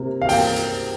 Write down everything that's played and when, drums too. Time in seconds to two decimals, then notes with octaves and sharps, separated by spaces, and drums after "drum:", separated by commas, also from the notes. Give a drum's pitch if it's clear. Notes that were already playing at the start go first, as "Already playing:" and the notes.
Already playing: C3 A#3
0.22 F5
0.29 A#3 G5, drum: open hi-hat
0.56 drum: hi-hat